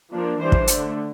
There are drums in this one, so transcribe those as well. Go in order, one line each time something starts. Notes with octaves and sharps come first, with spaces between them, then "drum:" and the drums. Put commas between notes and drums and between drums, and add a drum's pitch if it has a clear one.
F3 A#3 D4
E3 G3 D4 C5
drum: kick
D3 A3 D4, drum: hi-hat